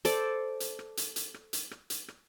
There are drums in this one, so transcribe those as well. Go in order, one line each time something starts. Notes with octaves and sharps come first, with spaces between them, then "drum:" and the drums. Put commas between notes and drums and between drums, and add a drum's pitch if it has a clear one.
A4 C5 D5, drum: hi-hat
drum: hi-hat
drum: rim click
drum: hi-hat
drum: hi-hat
drum: rim click
drum: hi-hat
drum: rim click
drum: hi-hat
drum: rim click